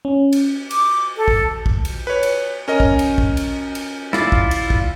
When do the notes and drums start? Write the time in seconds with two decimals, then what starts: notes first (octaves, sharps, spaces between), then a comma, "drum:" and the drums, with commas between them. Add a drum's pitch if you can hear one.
0.05 C#4
0.33 drum: cymbal
0.71 D6, drum: cymbal
1.17 A4
1.28 drum: kick
1.66 drum: kick
1.85 drum: cymbal
2.07 B4 C#5
2.23 drum: cymbal
2.68 C#4 A#4 D#5
2.80 drum: kick
2.99 drum: cymbal
3.18 drum: kick
3.37 drum: cymbal
3.75 drum: cymbal
4.13 E4 F4 D5, drum: snare
4.32 drum: kick
4.51 drum: cymbal
4.70 drum: kick